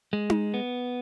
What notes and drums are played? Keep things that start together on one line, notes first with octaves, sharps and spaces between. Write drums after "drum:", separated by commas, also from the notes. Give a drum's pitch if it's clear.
G#3
drum: tom D#4
B3